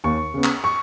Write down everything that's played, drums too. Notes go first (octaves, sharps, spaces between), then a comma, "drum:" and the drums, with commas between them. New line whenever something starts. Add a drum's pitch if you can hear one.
D#2 C#6
C#3 B3
drum: clap
C#6